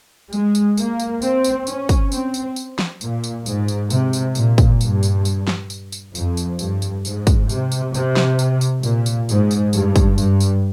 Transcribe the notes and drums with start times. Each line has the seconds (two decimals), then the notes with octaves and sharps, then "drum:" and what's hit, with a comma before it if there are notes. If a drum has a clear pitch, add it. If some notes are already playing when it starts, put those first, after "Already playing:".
0.33 G#3, drum: tambourine
0.55 drum: tambourine
0.77 A#3, drum: tambourine
1.00 drum: tambourine
1.22 C4, drum: tambourine
1.44 drum: tambourine
1.67 C#4, drum: tambourine
1.89 drum: kick, tambourine
2.12 C4, drum: tambourine
2.34 drum: tambourine
2.56 drum: tambourine
2.79 drum: snare
3.01 A#2, drum: tambourine
3.24 drum: tambourine
3.46 G#2, drum: tambourine
3.68 drum: tambourine
3.90 C3, drum: tambourine
4.13 drum: tambourine
4.35 A#2, drum: tambourine
4.58 drum: kick, tambourine
4.81 G2, drum: tambourine
5.03 drum: tambourine
5.25 drum: tambourine
5.48 drum: snare
5.70 drum: tambourine
5.92 drum: tambourine
6.15 F2, drum: tambourine
6.37 drum: tambourine
6.59 G2, drum: tambourine
6.82 drum: tambourine
7.05 G#2, drum: tambourine
7.27 drum: kick, tambourine
7.49 C3, drum: tambourine
7.72 drum: tambourine
7.94 C3, drum: tambourine
8.16 drum: snare
8.39 drum: tambourine
8.61 drum: tambourine
8.83 A#2, drum: tambourine
9.06 drum: tambourine
9.29 G#2, drum: tambourine
9.51 drum: tambourine
9.73 G2, drum: tambourine
9.96 drum: kick, tambourine
10.18 G2, drum: tambourine
10.40 drum: tambourine